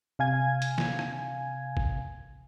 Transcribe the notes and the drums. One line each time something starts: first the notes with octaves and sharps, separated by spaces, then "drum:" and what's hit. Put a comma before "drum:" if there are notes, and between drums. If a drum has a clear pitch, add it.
C3 F5 G#5 G#6
drum: hi-hat
drum: snare
drum: rim click
drum: kick